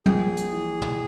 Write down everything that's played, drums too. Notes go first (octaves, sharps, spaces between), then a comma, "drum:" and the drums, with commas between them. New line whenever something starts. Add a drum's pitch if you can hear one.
A#1 G#4, drum: tom
drum: hi-hat
E3
drum: tom